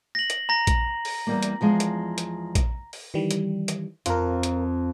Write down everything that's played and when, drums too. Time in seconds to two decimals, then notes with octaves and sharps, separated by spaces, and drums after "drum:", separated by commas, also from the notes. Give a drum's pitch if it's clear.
0.15 A#6 F#7
0.30 drum: hi-hat
0.49 A#5 A#6
0.67 drum: kick A#1, hi-hat
1.05 drum: open hi-hat
1.27 E2 G3 A#3
1.43 drum: hi-hat
1.61 E2 F3 G#3
1.80 drum: hi-hat
2.18 drum: hi-hat
2.55 drum: kick A#1, hi-hat
2.93 drum: open hi-hat
3.14 D#3 E3 G3
3.31 drum: hi-hat
3.68 drum: hi-hat
4.06 F2 F4 A#4, drum: hi-hat
4.43 drum: hi-hat